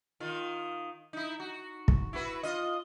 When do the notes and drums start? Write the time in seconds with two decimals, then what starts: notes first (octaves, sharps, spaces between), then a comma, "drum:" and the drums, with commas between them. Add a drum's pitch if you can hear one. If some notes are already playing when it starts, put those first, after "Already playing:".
0.20 D#3 F4
1.13 D#4 E4
1.40 F#4
1.88 drum: kick
2.13 E4 F#4 B4
2.43 F4 D#5